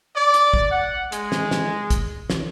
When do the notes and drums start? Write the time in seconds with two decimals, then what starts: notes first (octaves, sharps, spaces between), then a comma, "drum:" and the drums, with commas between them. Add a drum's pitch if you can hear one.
0.14 D5
0.34 drum: hi-hat
0.54 drum: kick
0.71 F#5
1.12 G#3, drum: hi-hat
1.32 drum: snare
1.51 drum: snare
1.90 drum: kick, hi-hat
2.30 drum: snare